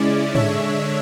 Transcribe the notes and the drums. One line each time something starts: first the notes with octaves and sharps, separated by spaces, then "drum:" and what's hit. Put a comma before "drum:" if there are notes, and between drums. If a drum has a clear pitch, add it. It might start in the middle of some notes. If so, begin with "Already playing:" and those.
Already playing: C#3 G#3 C#4 E4 D5
D3 G#3 D4 C#5 E5, drum: tom G#2